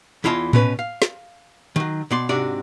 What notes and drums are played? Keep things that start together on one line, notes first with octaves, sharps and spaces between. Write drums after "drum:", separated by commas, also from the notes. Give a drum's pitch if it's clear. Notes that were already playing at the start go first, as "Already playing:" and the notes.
E2 E4 F4 D#5 A5
B2 C#4 B4, drum: tom A2
F5
drum: snare
D#3 F#3
B2 D5 C6
G#2 C3 D4 F#4 D5